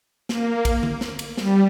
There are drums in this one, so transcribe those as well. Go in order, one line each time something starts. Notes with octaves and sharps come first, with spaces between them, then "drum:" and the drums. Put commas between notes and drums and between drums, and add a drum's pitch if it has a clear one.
A#3, drum: snare
drum: kick, cymbal
drum: tom D3
drum: snare
drum: cymbal
G3, drum: snare